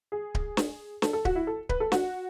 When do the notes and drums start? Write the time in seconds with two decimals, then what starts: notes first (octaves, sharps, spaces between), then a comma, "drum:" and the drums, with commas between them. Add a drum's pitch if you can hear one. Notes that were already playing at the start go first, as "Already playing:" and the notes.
0.12 G#4
0.35 drum: kick D1
0.57 drum: snare
1.02 A4, drum: snare
1.13 A4
1.25 F#4, drum: kick D1
1.35 E4
1.47 A4
1.69 B4, drum: kick D1
1.80 A4
1.92 F#4, drum: snare